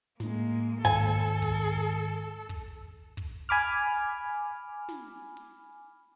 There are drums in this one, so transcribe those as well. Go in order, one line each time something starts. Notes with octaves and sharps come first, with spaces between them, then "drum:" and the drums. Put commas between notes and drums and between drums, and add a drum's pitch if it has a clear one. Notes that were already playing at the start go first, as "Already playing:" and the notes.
A2 G#3 A#3, drum: snare
G#2 D#3 A4 G#5, drum: kick
drum: kick
drum: kick
drum: kick
G#5 B5 D6 F6
drum: snare
drum: hi-hat